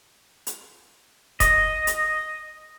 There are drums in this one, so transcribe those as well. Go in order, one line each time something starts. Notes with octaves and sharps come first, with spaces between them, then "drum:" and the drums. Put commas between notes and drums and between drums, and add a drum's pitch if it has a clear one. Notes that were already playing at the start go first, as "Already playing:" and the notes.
drum: hi-hat
D#5, drum: kick E1, hi-hat
drum: hi-hat